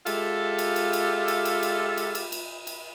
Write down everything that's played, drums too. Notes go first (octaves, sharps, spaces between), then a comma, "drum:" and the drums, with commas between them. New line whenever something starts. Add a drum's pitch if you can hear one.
G#3 F4 G4 A4 E5 F5, drum: cymbal
drum: cymbal
drum: cymbal
drum: cymbal
drum: cymbal
drum: cymbal
drum: cymbal
drum: cymbal
drum: cymbal
drum: cymbal
drum: cymbal